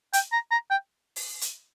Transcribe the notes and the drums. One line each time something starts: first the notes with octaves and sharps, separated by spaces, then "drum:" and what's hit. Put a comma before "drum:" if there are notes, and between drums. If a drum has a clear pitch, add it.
G5, drum: hi-hat
A#5
A#5
G5
drum: open hi-hat
drum: hi-hat